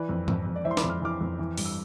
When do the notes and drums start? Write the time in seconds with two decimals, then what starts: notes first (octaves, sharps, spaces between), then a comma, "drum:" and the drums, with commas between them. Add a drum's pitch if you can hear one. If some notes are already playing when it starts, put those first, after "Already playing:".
Already playing: E3 B4 D5
0.09 F2
0.28 F2, drum: tom G#2
0.47 F2
0.56 D5
0.65 E3 C5 E5
0.71 C6
0.77 B5 D6, drum: snare
0.84 F2
0.90 F6
1.02 E3 D6 F6
1.21 F2
1.39 E3
1.58 G2, drum: open hi-hat
1.65 E6